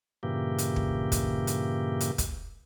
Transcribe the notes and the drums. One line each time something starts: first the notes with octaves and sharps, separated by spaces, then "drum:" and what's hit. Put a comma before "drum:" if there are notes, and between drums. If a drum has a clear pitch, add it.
G2 A#2 C#3 E3 A#3 G4
drum: hi-hat
drum: kick
drum: kick, hi-hat
drum: hi-hat
drum: hi-hat
drum: kick, hi-hat